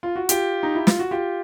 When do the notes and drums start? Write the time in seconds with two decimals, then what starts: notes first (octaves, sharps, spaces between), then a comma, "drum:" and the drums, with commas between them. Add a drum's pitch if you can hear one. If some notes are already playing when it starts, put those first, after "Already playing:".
0.03 F4
0.16 F#4
0.29 F4 G4, drum: hi-hat
0.63 D#4
0.75 E4
0.87 F4, drum: snare
0.99 F#4
1.11 F4 G4